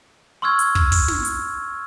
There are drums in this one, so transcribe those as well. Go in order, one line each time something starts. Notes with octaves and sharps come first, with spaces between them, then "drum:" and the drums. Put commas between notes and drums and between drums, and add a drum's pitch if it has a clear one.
C6 C#6 E6 F6 G#6
drum: hi-hat
drum: kick
drum: kick, open hi-hat
drum: snare
drum: hi-hat